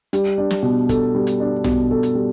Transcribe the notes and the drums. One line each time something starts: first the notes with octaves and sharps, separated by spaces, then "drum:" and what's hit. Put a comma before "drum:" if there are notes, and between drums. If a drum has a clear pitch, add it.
G3, drum: hi-hat
D4
drum: snare
B2
A4, drum: kick, hi-hat
G3
drum: hi-hat
D4
B2, drum: tom
A4
drum: hi-hat
G3